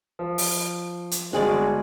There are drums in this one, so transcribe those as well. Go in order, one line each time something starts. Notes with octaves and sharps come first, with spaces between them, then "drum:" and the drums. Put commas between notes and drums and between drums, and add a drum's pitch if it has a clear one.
F3
drum: open hi-hat
drum: hi-hat
G1 G2 G#3 F#4 G#4 D5